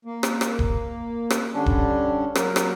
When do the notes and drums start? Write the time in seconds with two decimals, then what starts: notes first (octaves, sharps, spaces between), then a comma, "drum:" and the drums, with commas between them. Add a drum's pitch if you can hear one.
0.05 A#3
0.23 drum: rim click
0.41 drum: rim click
0.59 drum: kick D#1
1.30 drum: rim click
1.54 D3 G3 C#4 D4
1.66 drum: kick D#1
2.35 F#3 A#3 A#4, drum: rim click
2.56 drum: rim click